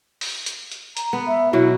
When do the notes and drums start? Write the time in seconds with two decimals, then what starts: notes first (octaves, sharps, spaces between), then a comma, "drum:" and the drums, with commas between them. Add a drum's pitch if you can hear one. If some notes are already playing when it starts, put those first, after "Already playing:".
0.21 drum: open hi-hat
0.46 drum: hi-hat
0.72 drum: hi-hat
0.97 A#5, drum: hi-hat
1.13 B3
1.27 E5
1.53 B2 F#3 E4 F#4